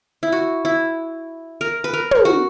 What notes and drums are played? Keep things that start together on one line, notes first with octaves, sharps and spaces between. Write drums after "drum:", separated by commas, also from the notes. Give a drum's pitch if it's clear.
E4
F#4
E4
A#4
B4
A#4
drum: tom
F#4